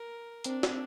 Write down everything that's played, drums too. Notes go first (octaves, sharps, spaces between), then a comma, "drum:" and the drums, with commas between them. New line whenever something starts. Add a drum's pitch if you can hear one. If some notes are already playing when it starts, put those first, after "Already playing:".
Already playing: A#4
C4 D4, drum: hi-hat
drum: snare